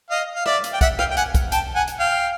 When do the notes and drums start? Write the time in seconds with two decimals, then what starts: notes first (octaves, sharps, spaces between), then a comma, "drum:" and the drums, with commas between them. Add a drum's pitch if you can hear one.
0.10 D#5 F5
0.35 F5
0.46 D5 E5, drum: rim click
0.64 drum: hi-hat
0.74 G5
0.81 E5 F#5, drum: kick, hi-hat
0.99 F5 G5, drum: rim click
1.11 G5
1.17 F#5 G#5, drum: hi-hat
1.34 drum: kick, hi-hat
1.52 G5 A5, drum: hi-hat
1.75 F#5 G#5
1.88 drum: hi-hat
1.99 F5 G5